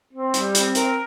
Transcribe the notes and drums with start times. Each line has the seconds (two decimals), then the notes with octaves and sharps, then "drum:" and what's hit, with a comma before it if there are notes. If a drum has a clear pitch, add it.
0.13 C4
0.34 G3, drum: hi-hat
0.55 C4, drum: hi-hat
0.75 A#4, drum: hi-hat